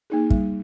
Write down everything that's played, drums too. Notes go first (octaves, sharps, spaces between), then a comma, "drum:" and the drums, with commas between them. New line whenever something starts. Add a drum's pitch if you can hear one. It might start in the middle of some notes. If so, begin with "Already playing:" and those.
A#3 D#4 G#4
G3, drum: kick